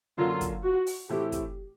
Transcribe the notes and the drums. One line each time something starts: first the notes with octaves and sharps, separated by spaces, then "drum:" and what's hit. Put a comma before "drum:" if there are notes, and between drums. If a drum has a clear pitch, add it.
F#2 D3 F#3 A#3 F4
drum: kick, hi-hat
F#4
drum: open hi-hat
A2 E3 A3 C4 E4 G4
drum: kick, hi-hat